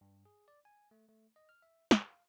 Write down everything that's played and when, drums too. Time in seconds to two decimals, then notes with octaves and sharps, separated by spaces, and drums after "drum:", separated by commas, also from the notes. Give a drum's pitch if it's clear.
0.01 G2
0.25 G#4
0.48 D5
0.65 G#5
0.91 A3
1.09 A3
1.36 D#5
1.49 F6
1.62 E5
1.91 G4, drum: snare
2.08 F5